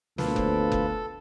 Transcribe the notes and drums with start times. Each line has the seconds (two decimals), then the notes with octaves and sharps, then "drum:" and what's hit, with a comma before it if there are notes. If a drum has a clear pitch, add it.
0.18 D2 F3 A#3 B3 F4 A4 B4, drum: snare
0.36 drum: kick F#1
0.72 drum: kick F#1